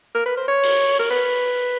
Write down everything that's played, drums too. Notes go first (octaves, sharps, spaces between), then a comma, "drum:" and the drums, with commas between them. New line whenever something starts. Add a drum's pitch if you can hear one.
A#4
B4
C5
C#5
drum: open hi-hat
A#4
B4